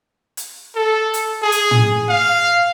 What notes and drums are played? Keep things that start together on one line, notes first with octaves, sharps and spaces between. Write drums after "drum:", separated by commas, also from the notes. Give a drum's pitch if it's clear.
drum: hi-hat
A4
drum: hi-hat
G#4
drum: hi-hat
drum: tom
F5